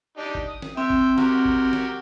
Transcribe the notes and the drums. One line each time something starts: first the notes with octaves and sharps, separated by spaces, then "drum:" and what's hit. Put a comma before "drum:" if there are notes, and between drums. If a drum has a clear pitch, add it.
D4 D#4 G4
drum: kick G#1
D#6
drum: snare
C4 E5 G5
drum: kick G#1
F#4 G4 A#4, drum: snare
drum: kick G#1
drum: snare